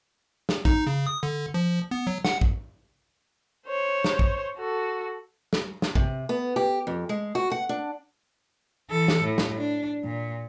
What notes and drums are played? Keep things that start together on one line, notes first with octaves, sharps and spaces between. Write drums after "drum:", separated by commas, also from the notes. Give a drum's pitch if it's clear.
drum: snare
D#4, drum: kick
C#3
D#6
D3
F3
B3
F#3
F#5, drum: snare
drum: kick
C5 C#5
drum: snare
drum: kick
F#4 A4
drum: snare
drum: snare
C3, drum: kick
B3
G4
F2
G#3
F#4
F#5
D4
E3 A4
drum: snare
A2
drum: snare
D4
A#2